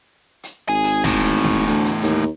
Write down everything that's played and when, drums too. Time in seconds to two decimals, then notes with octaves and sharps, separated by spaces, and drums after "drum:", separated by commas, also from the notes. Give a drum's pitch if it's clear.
0.43 drum: hi-hat
0.69 G#1 G#4 G#5
0.84 drum: open hi-hat
1.04 E2 A2, drum: snare
1.24 drum: hi-hat
1.44 drum: snare
1.67 D2, drum: hi-hat
1.85 drum: hi-hat
2.03 D#2, drum: hi-hat